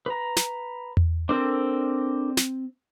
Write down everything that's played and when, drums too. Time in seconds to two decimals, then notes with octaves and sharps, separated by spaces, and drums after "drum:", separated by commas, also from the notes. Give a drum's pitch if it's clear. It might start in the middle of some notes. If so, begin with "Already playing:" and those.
0.06 B4 A#5
0.36 drum: snare
0.97 drum: tom E2
1.29 C4 D4 A4 A#4 C5
2.37 drum: snare